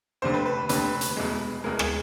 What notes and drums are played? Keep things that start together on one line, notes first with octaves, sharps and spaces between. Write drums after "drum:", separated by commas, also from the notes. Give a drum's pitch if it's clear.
F1 D#2 D3 C5
B4
B4
F1 D#2 D3 B4, drum: hi-hat
drum: hi-hat
E1 E2 B2 G#3
E1 E2 B2 G#3 A#4
G#4, drum: rim click